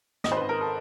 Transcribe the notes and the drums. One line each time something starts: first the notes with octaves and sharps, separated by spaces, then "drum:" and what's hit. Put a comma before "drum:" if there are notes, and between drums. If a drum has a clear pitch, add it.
G#1 D#5, drum: snare
C5
G#1 B4
A#4
A4